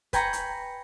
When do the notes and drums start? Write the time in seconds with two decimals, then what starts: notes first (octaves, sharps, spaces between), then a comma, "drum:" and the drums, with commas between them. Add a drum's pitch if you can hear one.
0.13 B4 G5 G#5 A#5 C#6, drum: kick, hi-hat
0.33 drum: hi-hat